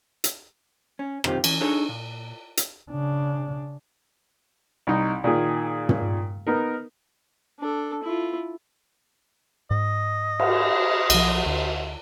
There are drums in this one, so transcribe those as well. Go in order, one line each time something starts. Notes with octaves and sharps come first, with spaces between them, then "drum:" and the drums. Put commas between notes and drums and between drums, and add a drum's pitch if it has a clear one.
drum: hi-hat
C#4
B1 C3 D#3 C4 F4 G4, drum: rim click
E3 C#4, drum: cymbal
D4 D#4 G#4 A4 C#5
A#2
drum: hi-hat
C#3 D4
C2 D#4
A#2 D#3 G#4
drum: tom
B3 D#4 A#4
D4 A4
E4 F4
G#2 D#5
drum: cymbal
B1 F3, drum: cymbal
D2